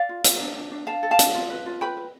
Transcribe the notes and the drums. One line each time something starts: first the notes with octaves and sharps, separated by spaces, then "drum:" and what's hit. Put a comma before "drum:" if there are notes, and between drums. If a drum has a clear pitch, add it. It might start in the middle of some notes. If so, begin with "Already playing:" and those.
Already playing: D5 F5
F4
F4, drum: hi-hat
D4
D4
D4
D4 F5 A5
A4
F5 A5
D4, drum: hi-hat
F4
B4
F4
B4 G5 B5
B4